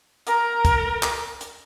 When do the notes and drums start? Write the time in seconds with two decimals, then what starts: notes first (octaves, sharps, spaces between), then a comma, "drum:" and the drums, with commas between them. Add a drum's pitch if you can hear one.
0.27 A#4 A#5, drum: hi-hat
0.65 drum: kick, hi-hat
1.03 drum: clap
1.41 drum: hi-hat